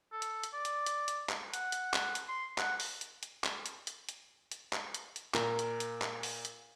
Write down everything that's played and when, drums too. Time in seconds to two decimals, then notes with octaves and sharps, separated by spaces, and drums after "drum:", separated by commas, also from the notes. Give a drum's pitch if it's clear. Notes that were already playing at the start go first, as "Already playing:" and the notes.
0.12 A4
0.22 drum: hi-hat
0.43 drum: hi-hat
0.53 D5
0.65 drum: hi-hat
0.86 drum: hi-hat
1.08 drum: hi-hat
1.29 drum: clap
1.54 F#5, drum: hi-hat
1.72 drum: hi-hat
1.94 drum: clap
2.15 drum: hi-hat
2.28 C6
2.58 F#5, drum: clap
2.80 drum: open hi-hat
3.01 drum: hi-hat
3.23 drum: hi-hat
3.44 drum: clap
3.66 drum: hi-hat
3.87 drum: hi-hat
4.09 drum: hi-hat
4.52 drum: hi-hat
4.73 drum: clap
4.94 drum: hi-hat
5.16 drum: hi-hat
5.34 A#2 A#4, drum: clap
5.59 drum: hi-hat
5.80 drum: hi-hat
6.02 drum: clap
6.23 drum: open hi-hat
6.45 drum: hi-hat